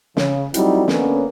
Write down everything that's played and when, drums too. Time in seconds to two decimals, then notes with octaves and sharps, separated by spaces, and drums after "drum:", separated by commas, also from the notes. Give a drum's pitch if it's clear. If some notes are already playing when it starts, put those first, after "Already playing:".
0.17 C#3, drum: snare
0.54 F#3 G3 A3 C4 D#4 E4, drum: hi-hat
0.88 D3 A#3 B3 C#4, drum: snare